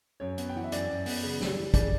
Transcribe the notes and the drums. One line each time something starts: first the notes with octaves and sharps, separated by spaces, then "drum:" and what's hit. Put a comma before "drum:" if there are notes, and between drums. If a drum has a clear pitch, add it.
F#2 C#5
B3, drum: hi-hat
G5
E3 F#5
E5
F#2 D5, drum: hi-hat
F#2
B3, drum: open hi-hat
C#3
G3, drum: snare
E3
C#3 D5, drum: kick, hi-hat